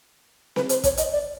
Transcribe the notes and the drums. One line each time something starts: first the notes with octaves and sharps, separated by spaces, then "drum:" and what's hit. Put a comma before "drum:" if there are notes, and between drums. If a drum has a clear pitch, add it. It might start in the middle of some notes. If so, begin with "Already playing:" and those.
B4, drum: snare C4
C5, drum: hi-hat
C#5, drum: kick, hi-hat
D#5, drum: hi-hat
D5